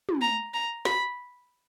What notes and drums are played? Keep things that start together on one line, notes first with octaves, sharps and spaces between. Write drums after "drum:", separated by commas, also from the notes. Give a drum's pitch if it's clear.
drum: tom
A#5
A#5
B5, drum: snare